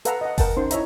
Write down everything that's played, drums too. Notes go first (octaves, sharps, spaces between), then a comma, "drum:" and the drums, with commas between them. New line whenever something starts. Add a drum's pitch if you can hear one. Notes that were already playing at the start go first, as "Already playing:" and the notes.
A4 B4 F5 F#5 A#5 E6, drum: hi-hat
D#5 F#5
A#4 F#5 G5 A5, drum: kick F#1, open hi-hat
C#4 D#4 C5 C6
E4 C#5 D#5 E5 A#5, drum: hi-hat